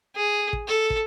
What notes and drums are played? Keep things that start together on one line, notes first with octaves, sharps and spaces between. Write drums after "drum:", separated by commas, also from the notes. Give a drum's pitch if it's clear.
G#4
drum: kick
A4
drum: kick